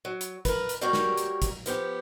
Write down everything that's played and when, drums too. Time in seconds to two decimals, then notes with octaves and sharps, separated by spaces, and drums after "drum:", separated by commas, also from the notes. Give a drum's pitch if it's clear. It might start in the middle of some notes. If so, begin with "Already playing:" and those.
0.05 F#3
0.21 drum: hi-hat
0.45 A#4 B4, drum: kick, hi-hat
0.69 drum: hi-hat
0.81 G3 A#3 F#4 G4 A#4 C#5
0.93 drum: snare
1.17 drum: hi-hat
1.42 drum: kick, hi-hat
1.66 F3 B3 G4, drum: hi-hat